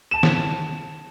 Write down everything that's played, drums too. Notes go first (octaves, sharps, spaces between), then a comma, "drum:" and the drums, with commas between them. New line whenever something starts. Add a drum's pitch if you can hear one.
A5 E7
drum: snare